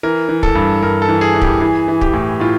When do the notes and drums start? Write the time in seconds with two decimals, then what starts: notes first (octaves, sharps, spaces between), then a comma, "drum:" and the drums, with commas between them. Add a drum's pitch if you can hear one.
0.03 E3 A#4
0.29 E3
0.43 A4, drum: kick
0.55 G2
0.83 G2 A#4
1.02 A4
1.09 E3
1.21 G#4
1.34 E3
1.42 G4, drum: kick
1.61 E3 G#4
1.88 E3
2.01 G4, drum: kick
2.14 A2
2.40 A2 F4